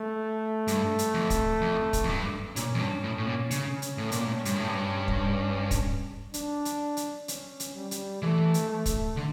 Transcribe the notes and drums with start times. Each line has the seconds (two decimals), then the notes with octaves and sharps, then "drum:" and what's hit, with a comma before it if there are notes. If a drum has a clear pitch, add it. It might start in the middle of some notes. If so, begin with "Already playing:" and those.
Already playing: A3
0.68 G2, drum: hi-hat
0.99 drum: hi-hat
1.14 F2
1.30 drum: kick, hi-hat
1.61 F2
1.93 drum: kick, hi-hat
2.04 F2
2.09 G2
2.56 A#2 C#4, drum: hi-hat
2.75 F2
2.79 G2
3.04 A2
3.18 A2
3.26 A#2
3.51 C#3, drum: hi-hat
3.82 drum: hi-hat
3.98 A2
4.12 A#2, drum: hi-hat
4.25 A2
4.45 G2, drum: hi-hat
4.56 A2
4.68 G2
5.08 drum: kick
5.71 drum: kick, hi-hat
6.34 D4, drum: hi-hat
6.65 drum: hi-hat
6.97 drum: hi-hat
7.28 C#4, drum: hi-hat
7.60 drum: hi-hat
7.75 G3
7.91 drum: hi-hat
8.22 E3 A3
8.54 drum: hi-hat
8.70 A3
8.86 drum: kick, hi-hat
9.17 D3